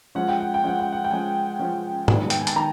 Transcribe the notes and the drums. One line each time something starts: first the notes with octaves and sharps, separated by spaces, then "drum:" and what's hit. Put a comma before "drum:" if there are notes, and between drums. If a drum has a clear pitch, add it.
F3 G#3 C#4 F#5
G5
F#5
G5
F3 G#3 C#4 F#5
G5
F#5
G5
F3 G#3 C#4 G#5
F3 G#3 C#4
D#3 G#3 B3 D4, drum: tom
G5, drum: hi-hat
G#5
A5, drum: hi-hat
D#3 A#5